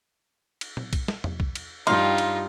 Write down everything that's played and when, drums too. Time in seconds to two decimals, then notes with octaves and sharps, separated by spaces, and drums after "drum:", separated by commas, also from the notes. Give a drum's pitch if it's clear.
0.61 drum: cymbal
0.77 drum: tom
0.93 drum: kick B1, cymbal
1.08 drum: snare
1.24 drum: tom E2
1.40 drum: kick B1
1.55 drum: cymbal
1.87 G2 D#4 F4 F5 G5 C6, drum: cymbal
2.18 drum: cymbal